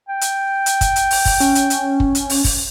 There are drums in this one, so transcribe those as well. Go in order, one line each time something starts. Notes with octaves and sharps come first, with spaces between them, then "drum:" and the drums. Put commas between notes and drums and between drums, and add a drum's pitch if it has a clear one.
G5
drum: hi-hat
drum: hi-hat
drum: kick, hi-hat
drum: hi-hat
drum: open hi-hat
drum: kick, open hi-hat
C#4, drum: hi-hat
drum: hi-hat
drum: hi-hat
drum: kick
drum: hi-hat
drum: open hi-hat
drum: kick, open hi-hat